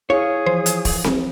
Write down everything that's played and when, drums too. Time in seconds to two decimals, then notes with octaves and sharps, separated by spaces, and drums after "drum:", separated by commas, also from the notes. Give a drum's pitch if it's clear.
0.10 E4 G#4 C#5 F5
0.46 E3 F3 C5
0.66 drum: hi-hat
0.85 drum: kick, open hi-hat
1.04 drum: snare C4